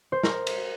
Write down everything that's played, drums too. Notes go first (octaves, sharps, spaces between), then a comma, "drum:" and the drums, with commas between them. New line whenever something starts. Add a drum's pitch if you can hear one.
C5
A#4, drum: snare
drum: cymbal